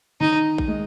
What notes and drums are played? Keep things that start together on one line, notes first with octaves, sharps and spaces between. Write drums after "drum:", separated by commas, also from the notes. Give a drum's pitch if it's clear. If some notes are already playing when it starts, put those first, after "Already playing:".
D#3 D#4
drum: kick A#1
G#3